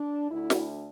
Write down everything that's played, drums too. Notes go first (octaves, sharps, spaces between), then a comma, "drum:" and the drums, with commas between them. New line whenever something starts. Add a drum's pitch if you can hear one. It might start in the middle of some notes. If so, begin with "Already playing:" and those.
Already playing: D4
D2 D3 E4
drum: snare